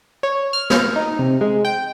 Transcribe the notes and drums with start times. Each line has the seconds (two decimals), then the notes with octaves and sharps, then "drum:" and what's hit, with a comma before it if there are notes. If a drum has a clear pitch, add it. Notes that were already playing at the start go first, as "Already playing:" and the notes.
0.23 C#5
0.53 F6
0.70 F6, drum: snare
0.96 D#4
1.19 C3
1.41 G#3
1.65 G5